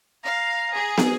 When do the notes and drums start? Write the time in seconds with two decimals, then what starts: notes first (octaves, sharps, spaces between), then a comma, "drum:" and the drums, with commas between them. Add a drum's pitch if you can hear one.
0.24 F5 A#5
0.75 G#4
0.98 drum: snare